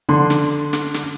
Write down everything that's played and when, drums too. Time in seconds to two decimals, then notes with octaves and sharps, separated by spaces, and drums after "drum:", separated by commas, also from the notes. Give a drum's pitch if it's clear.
0.09 D3 C6
0.30 drum: snare
0.73 drum: snare
0.94 drum: snare